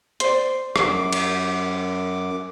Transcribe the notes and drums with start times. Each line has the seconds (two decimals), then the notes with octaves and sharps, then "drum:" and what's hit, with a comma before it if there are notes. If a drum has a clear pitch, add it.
0.20 C5 D5, drum: hi-hat
0.76 F#2 D6, drum: rim click
1.12 drum: cymbal